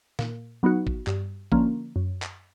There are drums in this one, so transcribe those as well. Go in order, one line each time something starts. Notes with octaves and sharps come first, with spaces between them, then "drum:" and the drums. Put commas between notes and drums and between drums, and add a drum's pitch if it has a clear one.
A#2, drum: snare
F#3 B3 D#4 F#4
drum: kick
G2, drum: clap
D3 F3 A#3 C#4, drum: kick
F#2
drum: clap